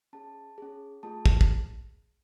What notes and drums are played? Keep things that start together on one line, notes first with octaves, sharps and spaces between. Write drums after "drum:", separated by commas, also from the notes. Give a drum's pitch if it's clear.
C#4 G#4 A5
C#4 G#4
A3 F4 G#4 A5
drum: kick
drum: kick